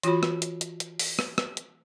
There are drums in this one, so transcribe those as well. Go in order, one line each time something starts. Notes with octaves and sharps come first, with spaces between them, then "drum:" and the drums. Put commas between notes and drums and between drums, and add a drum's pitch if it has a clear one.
E3 F4 F#4 C#5 B5, drum: hi-hat
drum: rim click
drum: hi-hat
drum: hi-hat
drum: hi-hat
drum: open hi-hat
drum: rim click
drum: rim click
drum: hi-hat